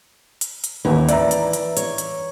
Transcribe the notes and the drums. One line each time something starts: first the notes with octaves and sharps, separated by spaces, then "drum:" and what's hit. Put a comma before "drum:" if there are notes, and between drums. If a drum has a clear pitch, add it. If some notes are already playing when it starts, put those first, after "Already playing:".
drum: hi-hat
drum: hi-hat
A1 D#2 E3
D5 E5 A#5, drum: hi-hat
drum: hi-hat
drum: hi-hat
C#5, drum: hi-hat
drum: hi-hat